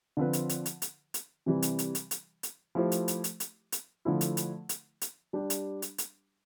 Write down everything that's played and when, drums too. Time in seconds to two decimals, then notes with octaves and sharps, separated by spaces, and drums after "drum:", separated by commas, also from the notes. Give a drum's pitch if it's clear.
0.17 D3 F3 C4 F4 B4
0.33 drum: hi-hat
0.49 drum: hi-hat
0.66 drum: hi-hat
0.82 drum: hi-hat
1.14 drum: hi-hat
1.46 C3 E3 G3
1.62 drum: hi-hat
1.79 drum: hi-hat
1.95 drum: hi-hat
2.11 drum: hi-hat
2.43 drum: hi-hat
2.75 F3 A3 E4 G4 C5
2.92 drum: hi-hat
3.08 drum: hi-hat
3.24 drum: hi-hat
3.40 drum: hi-hat
3.72 drum: hi-hat
4.05 D3 F3 A3 E4
4.21 drum: hi-hat
4.37 drum: hi-hat
4.69 drum: hi-hat
5.01 drum: hi-hat
5.33 G3 D4 G4
5.50 drum: hi-hat
5.82 drum: hi-hat
5.98 drum: hi-hat